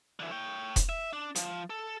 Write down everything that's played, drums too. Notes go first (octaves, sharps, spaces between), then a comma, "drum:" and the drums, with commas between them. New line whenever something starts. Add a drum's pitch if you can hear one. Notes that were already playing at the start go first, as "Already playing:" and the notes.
D3 E3
C#5 G5
drum: kick E1, hi-hat
E5
D4
F3, drum: hi-hat
A4